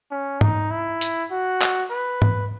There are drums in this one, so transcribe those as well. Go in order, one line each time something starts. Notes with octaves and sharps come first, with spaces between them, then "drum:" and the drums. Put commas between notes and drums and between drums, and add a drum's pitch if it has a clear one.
C#4
D#4, drum: tom
E4
drum: hi-hat
F#4
drum: clap
B4
drum: tom